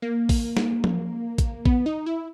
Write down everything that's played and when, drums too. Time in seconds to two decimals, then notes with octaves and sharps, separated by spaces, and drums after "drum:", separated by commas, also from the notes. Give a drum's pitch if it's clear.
0.02 A#3
0.29 drum: kick A1, open hi-hat
0.57 drum: snare
0.84 drum: tom F3
1.38 drum: kick A1, hi-hat
1.66 B3, drum: kick A1
1.86 D#4
2.06 E4